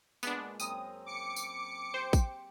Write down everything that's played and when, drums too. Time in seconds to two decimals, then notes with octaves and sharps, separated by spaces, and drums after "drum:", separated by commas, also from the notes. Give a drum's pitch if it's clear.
0.23 A#2 G#3 B3 D4, drum: tambourine
0.60 F#2 C4 A#5 D#6, drum: tambourine
1.06 D6 C#7
1.36 drum: tambourine
1.94 G4 C5
2.13 drum: kick, tambourine